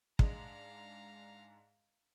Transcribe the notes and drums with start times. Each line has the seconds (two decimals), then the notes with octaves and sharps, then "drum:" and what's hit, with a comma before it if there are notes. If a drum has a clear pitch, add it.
0.19 G#2 G#3 D4 F5 A#5, drum: kick